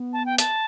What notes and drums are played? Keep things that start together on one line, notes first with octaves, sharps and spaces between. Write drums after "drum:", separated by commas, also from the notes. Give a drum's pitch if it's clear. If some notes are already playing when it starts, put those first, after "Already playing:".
Already playing: B3
A5
G5
A5, drum: hi-hat